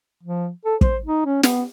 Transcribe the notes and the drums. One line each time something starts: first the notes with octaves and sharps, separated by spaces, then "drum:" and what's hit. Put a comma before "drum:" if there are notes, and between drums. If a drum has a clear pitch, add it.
F3
A4
C5, drum: kick
D#4
C#4
B3, drum: snare